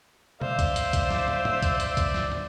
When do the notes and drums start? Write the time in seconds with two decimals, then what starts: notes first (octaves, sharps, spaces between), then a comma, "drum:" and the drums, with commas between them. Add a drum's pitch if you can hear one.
0.41 C5 D5 E5 F5, drum: tom
0.59 drum: kick, hi-hat
0.76 drum: hi-hat
0.93 drum: kick, hi-hat
1.11 drum: snare
1.28 drum: tom
1.45 drum: tom
1.62 drum: kick, hi-hat
1.80 drum: hi-hat
1.97 drum: kick, hi-hat
2.14 drum: snare
2.32 drum: tom